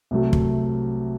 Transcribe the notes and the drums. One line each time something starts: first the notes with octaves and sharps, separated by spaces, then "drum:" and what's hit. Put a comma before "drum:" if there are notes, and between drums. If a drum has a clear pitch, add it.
C2 C3 F#3 A3
drum: kick